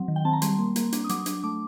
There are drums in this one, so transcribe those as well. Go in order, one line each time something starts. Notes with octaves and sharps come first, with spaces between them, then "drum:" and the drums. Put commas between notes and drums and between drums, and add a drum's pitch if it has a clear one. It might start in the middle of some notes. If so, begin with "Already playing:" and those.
Already playing: F#3 C4
D#3
G5
C4 A5
A#5
G3 C6, drum: hi-hat
A#3
A#3, drum: hi-hat
D4, drum: hi-hat
D#6
F#3 D6, drum: hi-hat
D4, drum: hi-hat
A3 D6